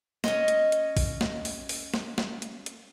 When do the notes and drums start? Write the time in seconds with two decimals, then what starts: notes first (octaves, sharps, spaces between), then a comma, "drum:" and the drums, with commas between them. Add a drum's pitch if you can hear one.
0.24 C#4 D#5, drum: snare
0.48 drum: hi-hat
0.72 drum: hi-hat
0.97 drum: kick, open hi-hat
1.21 drum: snare
1.45 drum: open hi-hat
1.69 drum: open hi-hat
1.94 drum: snare
2.18 drum: snare
2.42 drum: hi-hat
2.66 drum: hi-hat